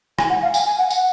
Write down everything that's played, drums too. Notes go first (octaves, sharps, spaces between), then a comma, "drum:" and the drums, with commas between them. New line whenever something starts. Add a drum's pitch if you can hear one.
G#5, drum: rim click
F#5
F5
G#5, drum: tambourine
G#5
F#5
F#5, drum: tambourine